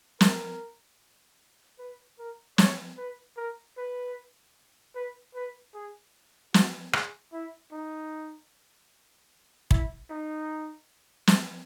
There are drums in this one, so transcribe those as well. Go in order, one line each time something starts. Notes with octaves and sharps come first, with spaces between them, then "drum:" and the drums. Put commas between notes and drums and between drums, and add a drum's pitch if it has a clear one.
A#4, drum: snare
B4
A#4
C#5, drum: snare
B4
A#4
B4
B4
B4
G#4
F#4, drum: snare
G#4, drum: rim click
E4
D#4
E4, drum: kick
D#4
drum: snare